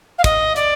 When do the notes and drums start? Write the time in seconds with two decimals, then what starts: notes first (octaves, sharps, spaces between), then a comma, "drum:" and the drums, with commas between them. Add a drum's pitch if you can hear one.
0.18 F5
0.24 D#5, drum: kick, hi-hat
0.56 D5, drum: hi-hat